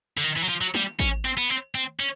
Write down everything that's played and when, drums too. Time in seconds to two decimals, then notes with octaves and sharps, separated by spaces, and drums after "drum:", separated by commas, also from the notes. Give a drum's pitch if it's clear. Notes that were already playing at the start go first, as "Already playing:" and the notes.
0.17 D3
0.24 D#3
0.37 E3
0.43 F#3
0.49 F3
0.61 F#3
0.75 G3, drum: snare
1.00 C#4, drum: kick
1.25 C4
1.38 B3
1.50 C4
1.75 C4
2.00 C#4